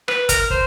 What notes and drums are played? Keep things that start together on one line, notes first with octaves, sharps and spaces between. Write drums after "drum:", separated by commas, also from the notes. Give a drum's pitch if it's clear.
B4, drum: rim click
A#4, drum: kick, hi-hat
C5, drum: kick